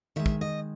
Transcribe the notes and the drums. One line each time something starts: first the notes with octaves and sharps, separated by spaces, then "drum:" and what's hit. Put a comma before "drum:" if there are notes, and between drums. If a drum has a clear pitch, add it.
D#3 G#3 E5
drum: kick
D#5